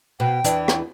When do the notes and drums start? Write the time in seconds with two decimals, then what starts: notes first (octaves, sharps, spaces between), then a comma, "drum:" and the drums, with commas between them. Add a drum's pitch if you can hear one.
0.20 B2 G5
0.44 E2 E3 D4, drum: hi-hat
0.68 drum: rim click